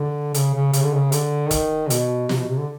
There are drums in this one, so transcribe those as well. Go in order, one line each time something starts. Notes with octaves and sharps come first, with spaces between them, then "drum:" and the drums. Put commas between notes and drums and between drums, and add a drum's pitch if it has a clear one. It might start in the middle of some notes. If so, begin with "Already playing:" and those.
Already playing: D3
C#3, drum: hi-hat
C#3
C#3, drum: hi-hat
D3
C#3
D3, drum: hi-hat
D#3, drum: kick E1, hi-hat
B2, drum: hi-hat
C3, drum: snare
B2
C3
D3